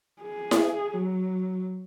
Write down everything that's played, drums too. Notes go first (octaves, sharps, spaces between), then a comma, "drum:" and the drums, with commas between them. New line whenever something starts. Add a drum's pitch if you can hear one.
G#4
drum: snare E4
F#3